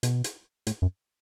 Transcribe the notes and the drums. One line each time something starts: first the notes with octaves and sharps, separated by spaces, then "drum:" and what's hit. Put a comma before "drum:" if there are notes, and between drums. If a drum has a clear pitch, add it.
B2, drum: hi-hat
drum: hi-hat
A2, drum: hi-hat
F#2